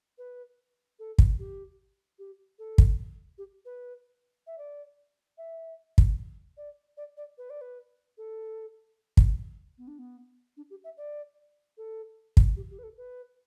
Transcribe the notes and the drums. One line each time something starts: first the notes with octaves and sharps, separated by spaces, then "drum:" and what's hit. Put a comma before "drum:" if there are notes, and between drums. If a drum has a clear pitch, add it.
B4
A4
drum: kick
G4
G4
A4
drum: kick
G4
B4
E5
D5
E5
drum: kick
D5
D5
D5
B4
D5
B4
A4
drum: kick
B3
D4
B3
D4
G4
E5
D5
A4
drum: kick
G4
G4
B4
A4
B4